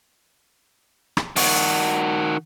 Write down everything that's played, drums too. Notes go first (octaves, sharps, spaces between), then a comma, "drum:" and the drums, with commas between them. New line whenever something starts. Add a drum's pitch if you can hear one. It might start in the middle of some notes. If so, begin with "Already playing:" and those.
drum: rim click
D#3 F#4, drum: open hi-hat